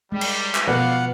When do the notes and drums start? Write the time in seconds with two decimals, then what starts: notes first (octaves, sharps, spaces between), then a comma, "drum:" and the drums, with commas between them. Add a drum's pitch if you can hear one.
0.12 G3 G#3
0.21 drum: cymbal
0.55 drum: clap
0.67 B2 F3 B3 D4 B4 F5 F#5